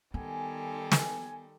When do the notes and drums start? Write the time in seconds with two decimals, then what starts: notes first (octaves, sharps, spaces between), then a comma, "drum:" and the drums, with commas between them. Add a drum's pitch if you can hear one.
0.14 D#3 G3 B3 A4 G#5
0.92 drum: snare